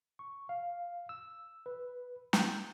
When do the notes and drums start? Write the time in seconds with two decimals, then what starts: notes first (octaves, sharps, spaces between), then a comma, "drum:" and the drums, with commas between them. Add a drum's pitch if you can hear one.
0.19 C#6
0.49 F5
1.09 E6
1.66 B4
2.33 G6, drum: snare